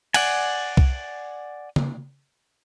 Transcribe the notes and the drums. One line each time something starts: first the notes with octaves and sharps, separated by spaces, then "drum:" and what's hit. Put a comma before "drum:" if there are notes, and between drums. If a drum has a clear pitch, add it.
D5 F#5 G#5, drum: cymbal
drum: kick C2
drum: tom C#3